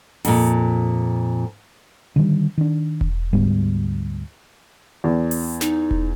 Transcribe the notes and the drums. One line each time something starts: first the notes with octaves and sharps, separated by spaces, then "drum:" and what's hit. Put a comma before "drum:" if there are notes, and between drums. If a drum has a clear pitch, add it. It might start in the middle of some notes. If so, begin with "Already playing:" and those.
F2 A#2, drum: open hi-hat
D3 D#3 G3
D#3 D4
drum: kick E1
D2 G#2 G3 B3
E2
drum: open hi-hat
D#4, drum: snare
drum: kick E1